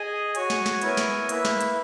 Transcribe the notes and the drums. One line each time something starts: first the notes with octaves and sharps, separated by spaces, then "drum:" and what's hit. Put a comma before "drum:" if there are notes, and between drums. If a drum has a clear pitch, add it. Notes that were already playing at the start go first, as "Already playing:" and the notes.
Already playing: G#4 D#5 G#5
F#4 C#5 G#5, drum: hi-hat
drum: snare
drum: snare
B3 E4 A#4 C#5 G#5, drum: hi-hat
drum: snare
A#3 E4 B4 E5, drum: hi-hat
drum: snare
drum: hi-hat